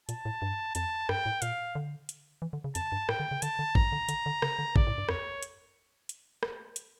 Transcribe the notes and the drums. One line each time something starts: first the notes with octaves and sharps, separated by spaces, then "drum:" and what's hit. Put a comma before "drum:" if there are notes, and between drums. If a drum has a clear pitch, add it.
A#2 A5, drum: hi-hat
A2
G2
F2 A5, drum: hi-hat
G2 G5, drum: rim click
A2
A#2 F5, drum: hi-hat
D3
drum: hi-hat
E3
D3
C#3
F2 A5, drum: hi-hat
G2
A2 G5, drum: rim click
D3
C#3
D3 A5, drum: hi-hat
D3
E3 A#5, drum: kick
D3
D3, drum: hi-hat
D3
C#3, drum: rim click
D3
C#3 D5, drum: kick
A2
G2
F2 C#5, drum: rim click
drum: hi-hat
drum: hi-hat
drum: rim click
drum: hi-hat